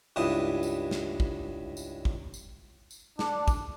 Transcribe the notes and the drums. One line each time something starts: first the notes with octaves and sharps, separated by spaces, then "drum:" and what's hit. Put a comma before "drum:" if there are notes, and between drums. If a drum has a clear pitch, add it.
C#2 G2 E4 D#6
drum: tambourine
drum: snare
drum: kick
drum: tambourine
drum: kick
drum: tambourine
drum: tambourine
D4, drum: snare
drum: kick, tambourine